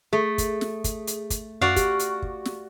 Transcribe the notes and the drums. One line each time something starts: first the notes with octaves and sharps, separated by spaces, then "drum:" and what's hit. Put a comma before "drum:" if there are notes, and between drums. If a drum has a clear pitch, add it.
A3 G#4
drum: kick, hi-hat
drum: snare
drum: kick, hi-hat
drum: hi-hat
drum: kick, hi-hat
F#2 F#4 D5 F5
G4, drum: kick, hi-hat
drum: hi-hat
drum: kick
drum: snare